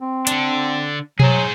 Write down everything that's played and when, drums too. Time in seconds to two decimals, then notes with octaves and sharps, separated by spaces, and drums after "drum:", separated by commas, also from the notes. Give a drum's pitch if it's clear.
0.01 C4
0.27 D3 D4, drum: hi-hat
1.20 F#3 G#4 C5, drum: tom B2